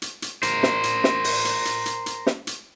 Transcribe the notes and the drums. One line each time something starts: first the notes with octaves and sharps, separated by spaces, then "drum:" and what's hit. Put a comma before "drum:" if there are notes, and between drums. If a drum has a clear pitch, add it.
drum: hi-hat
drum: hi-hat
A#4 C5, drum: hi-hat
drum: snare
drum: hi-hat
drum: snare
drum: open hi-hat
drum: hi-hat
drum: hi-hat
drum: hi-hat
drum: hi-hat
drum: snare
drum: hi-hat